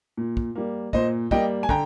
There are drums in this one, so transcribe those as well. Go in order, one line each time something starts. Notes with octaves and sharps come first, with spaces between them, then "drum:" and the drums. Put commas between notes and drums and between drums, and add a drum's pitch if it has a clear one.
A#2
drum: kick
G3 A#3
A#2 C5 D#5, drum: kick
G3 A#3 D#5 G5, drum: kick
G#5
D3 G5 A#5, drum: kick